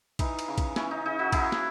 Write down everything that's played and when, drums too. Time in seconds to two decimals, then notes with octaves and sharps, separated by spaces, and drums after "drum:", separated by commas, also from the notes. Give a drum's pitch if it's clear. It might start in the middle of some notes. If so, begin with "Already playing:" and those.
0.19 E3 D#4, drum: kick A#1, cymbal
0.39 drum: cymbal
0.48 C#3
0.58 drum: kick A#1, cymbal
0.76 E3 C#4, drum: snare
0.91 D#4
1.06 C#3 D#4
1.19 D#4 F#4
1.32 F#3 E4 G#4, drum: kick A#1, cymbal
1.52 drum: snare